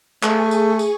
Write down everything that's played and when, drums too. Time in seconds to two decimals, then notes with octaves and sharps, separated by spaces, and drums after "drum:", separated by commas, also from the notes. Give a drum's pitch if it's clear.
0.23 A3 G#4 G#5 C#6, drum: clap
0.51 drum: tambourine
0.79 drum: tambourine